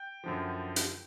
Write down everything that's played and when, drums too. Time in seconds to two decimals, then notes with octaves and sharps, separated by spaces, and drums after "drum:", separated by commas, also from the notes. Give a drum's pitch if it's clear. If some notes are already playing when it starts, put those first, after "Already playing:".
Already playing: G5
0.24 F#2 D3 F3
0.76 drum: hi-hat